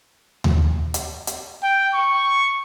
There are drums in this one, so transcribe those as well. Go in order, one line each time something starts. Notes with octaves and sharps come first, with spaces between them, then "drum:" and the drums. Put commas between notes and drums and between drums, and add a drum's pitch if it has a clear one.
drum: tom D#2
drum: hi-hat
drum: hi-hat
G5
C#6